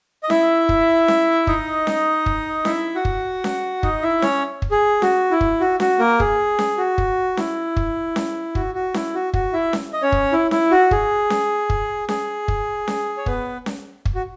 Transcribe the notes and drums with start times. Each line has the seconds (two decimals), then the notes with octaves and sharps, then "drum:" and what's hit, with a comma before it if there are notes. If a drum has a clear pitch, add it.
0.23 D#5
0.30 E4 E5, drum: snare C#4
0.69 drum: kick
1.08 drum: snare C#4
1.47 D#4 D#5, drum: kick
1.87 drum: snare C#4
2.26 drum: kick
2.65 E4 E5, drum: snare C#4
2.95 F#4 F#5
3.05 drum: kick
3.44 drum: snare C#4
3.83 D#4 D#5, drum: kick
4.02 E4 E5
4.22 C#4 C#5, drum: snare C#4
4.62 drum: kick
4.71 G#4
5.02 F#4, drum: snare C#4
5.31 E4
5.41 drum: kick
5.61 F#4
5.80 F#4, drum: snare C#4
5.99 A#3 A#4
6.20 G#4, drum: kick
6.59 drum: snare C#4
6.78 F#4
6.98 drum: kick
7.37 E4, drum: snare C#4
7.77 drum: kick
8.16 drum: snare C#4
8.55 F#4, drum: kick
8.75 F#4
8.94 E4, drum: snare C#4
9.14 F#4
9.34 F#4, drum: kick
9.53 E4 E5
9.73 drum: snare C#4
9.93 D#5
10.02 C#4 C#5
10.12 drum: kick
10.32 E4
10.51 E4, drum: snare C#4
10.71 F#4
10.91 G#4, drum: kick
11.30 drum: snare C#4
11.70 drum: kick
12.09 G#4, drum: snare C#4
12.48 drum: kick
12.88 drum: snare C#4
13.17 C#5
13.26 B3 B4, drum: kick
13.66 drum: snare C#4
14.05 drum: kick
14.15 F#4